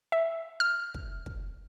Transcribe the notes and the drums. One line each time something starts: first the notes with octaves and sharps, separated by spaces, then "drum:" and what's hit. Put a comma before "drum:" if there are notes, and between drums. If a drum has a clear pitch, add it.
E5
F6
drum: kick
drum: kick